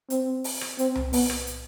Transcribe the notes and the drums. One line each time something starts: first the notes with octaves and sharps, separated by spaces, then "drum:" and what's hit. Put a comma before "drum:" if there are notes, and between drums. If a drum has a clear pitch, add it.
C4, drum: hi-hat
drum: open hi-hat
drum: rim click
C4, drum: hi-hat
drum: tom C2
B3, drum: open hi-hat
drum: rim click
drum: hi-hat